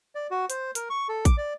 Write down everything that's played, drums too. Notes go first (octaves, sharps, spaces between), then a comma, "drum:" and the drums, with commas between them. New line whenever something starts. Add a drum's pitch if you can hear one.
D5
F#4
C5, drum: hi-hat
A#4, drum: hi-hat
C#6
A4
D6, drum: kick A1, hi-hat
D5